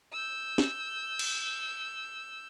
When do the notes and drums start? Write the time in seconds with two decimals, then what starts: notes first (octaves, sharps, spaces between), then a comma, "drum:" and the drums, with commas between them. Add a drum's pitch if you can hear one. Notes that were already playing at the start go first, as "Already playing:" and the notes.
0.12 E6 G6
0.58 drum: snare
1.19 drum: cymbal